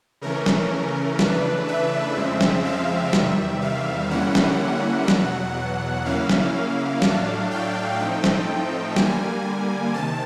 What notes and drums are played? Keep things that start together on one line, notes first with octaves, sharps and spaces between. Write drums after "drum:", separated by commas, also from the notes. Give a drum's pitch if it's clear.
C#3 E3 A3 C#4 A#4
drum: snare
C#3 E3 A3 D4 B4, drum: snare
E5
F2 C#3 F3 G#3 C4
drum: snare
F5
E2 C3 D#3 G3 E5, drum: snare
F5
D3 G3 A#3 C#4 E4 F#5
drum: snare
E2 B2 F#3, drum: snare
C#3 F#3 A#3 C#4 E4 F5
drum: snare
A2 F#3 A3 D4, drum: snare
G5
A2 F3 A3 C4 D#4 G5
drum: snare
D3 G3 A#3 G#5, drum: snare
C3 D#3 A5